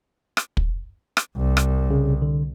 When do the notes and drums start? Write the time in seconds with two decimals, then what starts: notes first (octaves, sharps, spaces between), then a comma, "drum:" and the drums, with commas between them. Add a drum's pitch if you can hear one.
0.37 drum: rim click
0.57 drum: kick
1.17 drum: rim click
1.37 C2
1.57 drum: rim click
1.90 C#3
2.22 D3